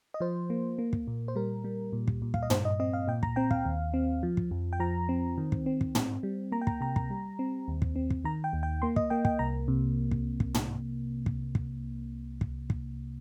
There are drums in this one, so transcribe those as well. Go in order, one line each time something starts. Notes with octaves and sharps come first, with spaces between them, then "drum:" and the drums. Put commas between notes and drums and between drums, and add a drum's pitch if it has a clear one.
D#5
F3 C5
A#3
A#3
drum: kick
A#2
C5
G3 A#4
G3
A#2
drum: kick
A#2
F5, drum: kick
D#5
G2 C5, drum: tom
D#5
C4 D#5
F5
A#2 G5
A#5, drum: kick
C4 G5
F5, drum: kick
D#2
C4
F3
drum: kick
F2
G5
F3 A#5
C4
D#3
drum: kick
C4
drum: kick
C4, drum: tom
G3
A#3 A#5
G5
A#5, drum: kick
C3 A#5
A#5, drum: kick
G3
C4
D#2
drum: kick
C4
drum: kick
D#3 A#5
G5
D#2
G5
A#3 C6
D#5, drum: kick
A#3 G5
G5, drum: kick
C2 A#5
C3
drum: kick
drum: kick
drum: tom
drum: kick
drum: kick
drum: kick
drum: kick